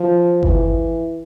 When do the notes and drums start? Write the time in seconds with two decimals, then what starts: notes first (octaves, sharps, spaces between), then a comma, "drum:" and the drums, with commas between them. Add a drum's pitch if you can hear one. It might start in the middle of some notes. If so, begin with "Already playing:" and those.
Already playing: F3
0.43 E3, drum: kick G1